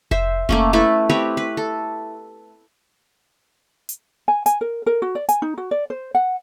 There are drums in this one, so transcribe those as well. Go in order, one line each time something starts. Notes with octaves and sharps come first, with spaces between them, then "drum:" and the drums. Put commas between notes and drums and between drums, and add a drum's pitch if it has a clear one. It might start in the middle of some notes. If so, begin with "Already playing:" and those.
C5 E5, drum: kick F1
A3 A#3 C#4, drum: kick F1
A3 E4 A4 B4
C4 G4 B4 C#5
B4
A4
drum: hi-hat
G#5
G#5, drum: hi-hat
A#4
A#4
F#4
D5
G#5, drum: hi-hat
D#4
F#4
D5
C5
F#5